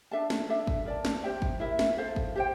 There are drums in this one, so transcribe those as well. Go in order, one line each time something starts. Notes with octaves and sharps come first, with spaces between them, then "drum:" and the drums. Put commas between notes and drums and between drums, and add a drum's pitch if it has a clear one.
D4 A4 E5 A5
drum: snare
D4 A4 E5
drum: kick
A#4 D5 A5
drum: snare
G4 C5 E5 G5
drum: kick
E4 A#4 E5
drum: snare
A4 C5 F5
drum: kick
G4 C5 G5